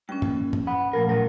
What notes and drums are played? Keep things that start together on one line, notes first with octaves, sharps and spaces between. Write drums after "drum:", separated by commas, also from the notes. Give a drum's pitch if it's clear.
G2 C#4 G5
D#2, drum: tom
drum: tom
F#5 B5
A#2 F3 A3 A#4
A2 C#3 F#3 A#4